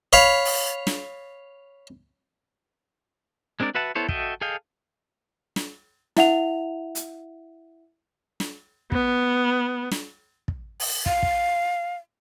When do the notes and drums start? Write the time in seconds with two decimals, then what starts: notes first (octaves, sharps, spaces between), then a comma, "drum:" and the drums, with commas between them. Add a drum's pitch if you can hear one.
0.13 C#5 F5 B5
0.45 drum: open hi-hat
0.87 drum: snare
3.60 G#3 C4 D4 A#4 D5
3.75 F#4 B4 E5 F#5 A5
3.95 B3 E4 A4 C5 C#5
4.09 F#4 A4 D#5 E5 G5, drum: kick
4.41 G#4 A4 D#5 F5 G5
5.56 drum: snare
6.17 E4 E5 F#5 F7, drum: snare
6.95 drum: hi-hat
8.40 drum: snare
8.92 B3, drum: kick
9.91 drum: snare
10.48 drum: kick
10.80 drum: open hi-hat
11.06 F5, drum: kick
11.23 drum: kick